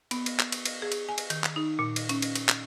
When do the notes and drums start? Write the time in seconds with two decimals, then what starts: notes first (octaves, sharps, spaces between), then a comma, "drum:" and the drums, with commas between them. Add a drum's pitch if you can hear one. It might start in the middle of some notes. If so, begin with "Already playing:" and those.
0.11 B3, drum: cymbal
0.26 drum: cymbal
0.39 drum: clap
0.52 drum: cymbal
0.65 drum: cymbal
0.82 G#4
0.92 drum: cymbal
1.09 G#5
1.18 drum: cymbal
1.30 D#3, drum: cymbal
1.44 drum: clap
1.56 D#4
1.79 A#2
1.96 drum: cymbal
2.09 C#4, drum: cymbal
2.22 drum: cymbal
2.35 drum: cymbal
2.49 drum: clap